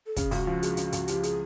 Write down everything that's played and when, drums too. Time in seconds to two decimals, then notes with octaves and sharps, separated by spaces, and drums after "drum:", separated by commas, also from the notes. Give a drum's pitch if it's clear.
0.06 A4
0.16 C#3 G#4, drum: kick, hi-hat
0.31 C#2 F#4, drum: open hi-hat
0.47 F3
0.63 G#3, drum: hi-hat
0.77 C#3, drum: hi-hat
0.92 C#2, drum: hi-hat
1.08 F3 G4, drum: hi-hat
1.23 G#3 G#4, drum: hi-hat